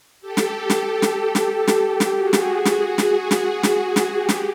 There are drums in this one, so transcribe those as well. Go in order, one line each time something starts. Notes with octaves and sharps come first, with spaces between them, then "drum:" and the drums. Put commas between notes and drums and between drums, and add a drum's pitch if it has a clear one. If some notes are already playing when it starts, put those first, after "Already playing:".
G4 A4
drum: snare
drum: snare
drum: snare
drum: snare
G4 A4
drum: snare
G4
drum: snare
F#4 G#4
drum: snare
drum: snare
drum: snare
drum: snare
drum: snare
drum: snare
G4
drum: snare